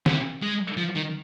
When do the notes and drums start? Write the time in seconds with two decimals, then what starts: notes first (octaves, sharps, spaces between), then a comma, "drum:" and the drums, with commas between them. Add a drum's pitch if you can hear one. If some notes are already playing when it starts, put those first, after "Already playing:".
0.06 C3, drum: snare D#3
0.42 G#3
0.77 F3
0.96 D#3